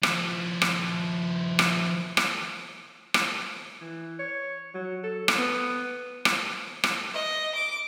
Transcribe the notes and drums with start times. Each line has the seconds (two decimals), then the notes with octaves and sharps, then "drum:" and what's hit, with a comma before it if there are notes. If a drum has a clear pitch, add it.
0.03 F3 E4, drum: rim click
0.62 drum: rim click
1.59 drum: rim click
2.17 drum: rim click
3.14 drum: rim click
3.81 E3
4.19 C#5
4.74 F#3
5.03 A4
5.28 drum: rim click
5.38 B3
6.25 drum: rim click
6.84 drum: rim click
7.13 D#5
7.55 D6